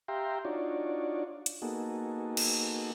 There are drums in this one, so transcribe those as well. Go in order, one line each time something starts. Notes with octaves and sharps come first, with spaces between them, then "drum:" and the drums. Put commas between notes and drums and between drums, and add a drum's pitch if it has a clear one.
G4 E5 F5 G5 A#5 C6
D4 D#4 F4 F#4 C#5 D5
drum: hi-hat
A#3 B3 D#4 F#4 G#4 A4
drum: cymbal